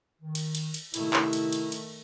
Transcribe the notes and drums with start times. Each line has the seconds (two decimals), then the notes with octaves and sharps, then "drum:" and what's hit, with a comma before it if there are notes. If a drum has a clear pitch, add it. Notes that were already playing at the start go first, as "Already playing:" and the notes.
0.22 D#3
0.35 drum: cymbal
0.55 drum: cymbal
0.74 drum: cymbal
0.94 C3 D#3 A3 E4, drum: cymbal
1.13 drum: clap
1.33 drum: cymbal
1.53 drum: cymbal
1.72 drum: cymbal